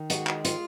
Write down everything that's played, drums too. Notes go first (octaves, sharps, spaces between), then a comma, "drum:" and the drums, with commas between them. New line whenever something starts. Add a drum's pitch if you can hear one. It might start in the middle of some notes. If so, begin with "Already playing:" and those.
Already playing: D#3
G#3 F#4, drum: hi-hat
drum: clap
F4, drum: hi-hat